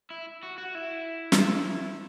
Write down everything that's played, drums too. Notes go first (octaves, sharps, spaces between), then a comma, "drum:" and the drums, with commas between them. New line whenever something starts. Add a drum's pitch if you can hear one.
E4
F#4
F#4
E4
drum: snare